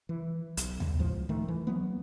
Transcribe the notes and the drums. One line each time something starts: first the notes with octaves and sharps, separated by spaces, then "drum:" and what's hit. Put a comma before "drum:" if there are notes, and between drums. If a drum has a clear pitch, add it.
E3
B1, drum: hi-hat
drum: tom D#2
C#2 A2 F3
D#3 A3
E3
F#3 A#3 B3